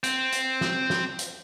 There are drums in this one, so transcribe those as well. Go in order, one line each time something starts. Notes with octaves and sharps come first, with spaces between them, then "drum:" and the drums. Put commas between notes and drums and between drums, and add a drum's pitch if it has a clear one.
C4, drum: hi-hat
drum: hi-hat
drum: snare
drum: snare
drum: hi-hat